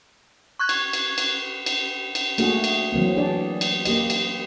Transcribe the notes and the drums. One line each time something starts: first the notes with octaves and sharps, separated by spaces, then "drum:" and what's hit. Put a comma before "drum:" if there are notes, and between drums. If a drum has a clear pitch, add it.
C#6 F#6 G#6
drum: cymbal
drum: cymbal
drum: cymbal
drum: cymbal
drum: cymbal
A3 A#3 D4 F#4 G#4, drum: cymbal
drum: cymbal
E3 F#3 A#3 C4
D4 G#4 D5
drum: cymbal
A#3 G4 D#5, drum: cymbal
drum: cymbal